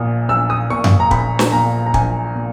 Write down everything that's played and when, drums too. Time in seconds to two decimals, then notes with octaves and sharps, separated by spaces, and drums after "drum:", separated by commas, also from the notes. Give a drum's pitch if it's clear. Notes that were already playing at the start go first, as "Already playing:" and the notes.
Already playing: A#1 A#2 D#6
0.29 A#1 E6
0.50 D#6
0.70 A#2 C#6
0.84 drum: tom F#2
1.00 A#5
1.11 A#1 B5, drum: kick
1.39 drum: snare
1.52 A#2 A#5
1.86 A#5
1.94 A#1 G#5, drum: kick
2.35 A#2